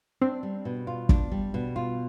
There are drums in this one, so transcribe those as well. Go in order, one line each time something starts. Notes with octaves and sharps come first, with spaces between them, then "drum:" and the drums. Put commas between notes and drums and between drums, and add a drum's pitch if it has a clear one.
C4 D4
G3
B2
F4
D4, drum: kick
G3
B2
F4